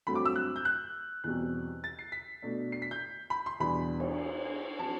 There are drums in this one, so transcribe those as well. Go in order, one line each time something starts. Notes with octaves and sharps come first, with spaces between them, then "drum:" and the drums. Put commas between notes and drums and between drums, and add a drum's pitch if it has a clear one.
G2 F#3 A3 C4 B5
D6
E6
F#6
G6
F#6
E2 B2 G3 C4 F#6
A6
C7
B6
B2 A3 D4
C7
B6
G6
B5
C6
E2 B2 G3 B3 D4 B5
drum: cymbal
F#3 C4 A5